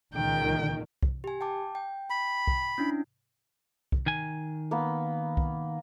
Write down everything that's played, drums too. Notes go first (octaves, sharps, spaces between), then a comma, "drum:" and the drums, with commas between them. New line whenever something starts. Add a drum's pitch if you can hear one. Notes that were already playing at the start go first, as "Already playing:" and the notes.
C#2 A#2 D#3 G5
drum: kick
G4 G#5
G5 A5 D6
G5
B5
drum: kick
C#4 D4 E4
drum: kick
D#3 G#5
A#3 B3
drum: kick